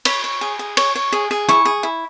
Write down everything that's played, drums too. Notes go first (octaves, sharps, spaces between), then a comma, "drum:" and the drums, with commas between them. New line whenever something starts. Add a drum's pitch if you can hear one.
C#5 B5, drum: cymbal
C#5
G#4
G#4
C#5, drum: cymbal
C#5
G#4
G#4
E4 C#6, drum: rim click
G#4
E4